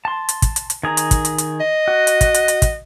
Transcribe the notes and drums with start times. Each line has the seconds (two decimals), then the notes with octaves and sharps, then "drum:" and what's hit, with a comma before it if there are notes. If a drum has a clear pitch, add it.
0.05 A5 C6
0.29 drum: hi-hat
0.42 drum: kick, hi-hat
0.56 drum: hi-hat
0.70 drum: hi-hat
0.83 D#3 G#4 A#5
0.97 drum: hi-hat
1.11 drum: kick, hi-hat
1.25 drum: hi-hat
1.38 drum: hi-hat
1.60 D#5
1.88 F#4
2.07 drum: hi-hat
2.21 drum: kick, hi-hat
2.34 drum: hi-hat
2.48 drum: hi-hat
2.62 drum: kick, hi-hat